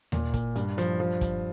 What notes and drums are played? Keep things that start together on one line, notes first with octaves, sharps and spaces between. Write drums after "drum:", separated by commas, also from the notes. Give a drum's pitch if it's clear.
A#2, drum: tom D#2
A#2, drum: kick, hi-hat
G2, drum: hi-hat
F3, drum: hi-hat
F3
drum: kick, hi-hat